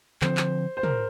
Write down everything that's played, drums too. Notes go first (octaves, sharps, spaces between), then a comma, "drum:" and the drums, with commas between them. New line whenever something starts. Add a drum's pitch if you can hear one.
D3 F3 C4 C5, drum: clap
drum: clap
C5
A#4, drum: tom